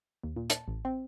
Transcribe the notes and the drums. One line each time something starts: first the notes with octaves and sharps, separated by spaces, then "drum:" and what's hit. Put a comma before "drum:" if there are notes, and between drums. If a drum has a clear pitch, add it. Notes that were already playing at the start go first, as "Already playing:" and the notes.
D#2
A#2
A5, drum: hi-hat
A1
C4